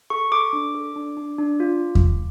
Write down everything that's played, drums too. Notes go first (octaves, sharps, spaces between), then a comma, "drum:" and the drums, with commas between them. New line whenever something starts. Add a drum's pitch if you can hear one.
A4 C#6
A4 D6
D4
A4
D4
D4
D4
F4
drum: kick E2